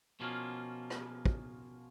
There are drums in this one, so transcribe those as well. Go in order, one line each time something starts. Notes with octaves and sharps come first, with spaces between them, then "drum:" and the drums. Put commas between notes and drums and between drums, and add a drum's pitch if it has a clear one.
B2 F3 A#3 C#4 F4
drum: rim click
drum: kick